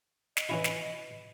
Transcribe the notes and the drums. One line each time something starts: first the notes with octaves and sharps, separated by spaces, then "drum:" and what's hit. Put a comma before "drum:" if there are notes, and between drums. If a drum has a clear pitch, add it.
D#5, drum: snare
E3 C#4 E4
drum: snare